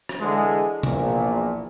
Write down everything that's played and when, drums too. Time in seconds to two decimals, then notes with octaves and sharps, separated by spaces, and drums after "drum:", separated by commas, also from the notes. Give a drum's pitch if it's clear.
0.09 drum: rim click
0.20 D3 E3 G#3
0.83 A#1 E2 A#2, drum: tom B2